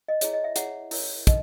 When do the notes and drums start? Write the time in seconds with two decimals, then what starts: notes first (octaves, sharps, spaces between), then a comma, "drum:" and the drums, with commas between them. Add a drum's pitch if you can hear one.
0.08 D#5
0.21 E4 G#4 C#5, drum: hi-hat
0.33 D#5
0.44 E5
0.56 E4 G#4 C#5 F#5, drum: hi-hat
0.91 E4 A#4 C#5, drum: open hi-hat
1.27 D#4 D#5, drum: kick, hi-hat